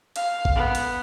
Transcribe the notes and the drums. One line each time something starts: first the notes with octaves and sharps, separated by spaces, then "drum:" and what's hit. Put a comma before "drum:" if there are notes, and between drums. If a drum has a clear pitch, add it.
F5, drum: hi-hat
drum: kick
B3
drum: hi-hat